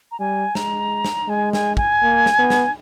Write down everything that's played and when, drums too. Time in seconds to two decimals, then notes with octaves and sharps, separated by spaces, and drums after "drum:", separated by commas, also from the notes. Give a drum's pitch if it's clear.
0.11 A#5
0.20 G3 G#5
0.55 G#3 A#5, drum: snare
1.05 drum: snare
1.28 G#3 G#5
1.53 G#5, drum: snare
1.77 G#5, drum: kick
2.02 A#3
2.26 drum: snare
2.39 B3
2.50 drum: snare